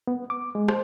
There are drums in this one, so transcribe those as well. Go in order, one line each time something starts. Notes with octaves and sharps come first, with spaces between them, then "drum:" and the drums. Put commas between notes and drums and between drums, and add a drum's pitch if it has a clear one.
B3
D6
G#3
C5, drum: rim click